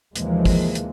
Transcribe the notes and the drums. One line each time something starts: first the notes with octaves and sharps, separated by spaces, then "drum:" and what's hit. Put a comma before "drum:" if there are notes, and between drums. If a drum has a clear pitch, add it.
D#2 C3 E3 F3 G#3 A#3, drum: hi-hat
drum: kick, open hi-hat
drum: hi-hat